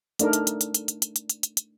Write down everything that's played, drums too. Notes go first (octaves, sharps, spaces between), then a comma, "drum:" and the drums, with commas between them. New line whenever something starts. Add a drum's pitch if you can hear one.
A3 D4 D#4 A#4, drum: hi-hat
drum: hi-hat
drum: hi-hat
drum: hi-hat
drum: hi-hat
drum: hi-hat
drum: hi-hat
drum: hi-hat
drum: hi-hat
drum: hi-hat
drum: hi-hat